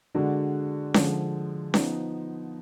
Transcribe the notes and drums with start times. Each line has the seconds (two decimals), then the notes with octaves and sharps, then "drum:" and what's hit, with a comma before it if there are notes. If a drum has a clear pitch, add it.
0.15 D3 G#3 D4 F#4
0.94 D3 F3 G#3, drum: snare C#4
1.74 F3 B3 D#4, drum: snare C#4